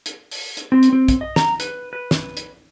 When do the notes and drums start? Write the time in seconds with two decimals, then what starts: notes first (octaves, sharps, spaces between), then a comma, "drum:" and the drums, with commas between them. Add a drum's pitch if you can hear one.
0.06 drum: hi-hat
0.31 drum: open hi-hat
0.57 drum: hi-hat
0.72 C4
0.83 drum: hi-hat
0.93 C4
1.08 drum: kick, hi-hat
1.21 D#5
1.36 A#5, drum: snare
1.60 B4, drum: hi-hat
1.93 B4
2.11 drum: snare
2.37 drum: hi-hat